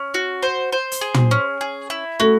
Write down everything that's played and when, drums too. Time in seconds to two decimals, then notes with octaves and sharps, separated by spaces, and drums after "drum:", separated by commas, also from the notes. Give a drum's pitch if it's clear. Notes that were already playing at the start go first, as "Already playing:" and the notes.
Already playing: C#4
0.14 F#4
0.43 C5
0.72 C5
0.92 drum: hi-hat
1.01 G#4
1.14 drum: tom
1.31 C#4
1.61 G#4
1.90 E4
2.20 A3 F#4